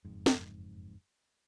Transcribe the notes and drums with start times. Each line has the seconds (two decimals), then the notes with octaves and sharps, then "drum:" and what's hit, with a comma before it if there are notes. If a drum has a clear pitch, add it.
0.05 F#1 F2 G#2
0.26 drum: snare